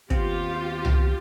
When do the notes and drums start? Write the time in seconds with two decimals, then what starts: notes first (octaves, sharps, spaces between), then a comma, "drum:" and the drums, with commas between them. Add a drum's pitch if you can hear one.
0.10 D#2 B3 C4 F4 G4, drum: kick
0.85 drum: tom C2